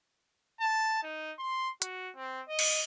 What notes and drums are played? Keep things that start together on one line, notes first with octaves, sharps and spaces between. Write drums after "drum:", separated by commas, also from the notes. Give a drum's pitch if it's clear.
A5
D#4
C6
F#4, drum: hi-hat
C4
D#5
drum: cymbal